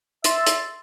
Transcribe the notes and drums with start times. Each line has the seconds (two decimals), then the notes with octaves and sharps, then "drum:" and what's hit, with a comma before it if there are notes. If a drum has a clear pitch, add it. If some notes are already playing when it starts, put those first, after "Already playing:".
0.24 E5 C6 E6 A6, drum: hi-hat
0.47 drum: hi-hat